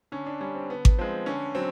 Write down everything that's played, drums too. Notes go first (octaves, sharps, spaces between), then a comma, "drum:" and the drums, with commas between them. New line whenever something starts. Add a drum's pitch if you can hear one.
D3 C#4
D4
G3 C#4
C4
D3 B3
drum: kick G#1
F3 G#3 C4
D3 C#4
F#3 C4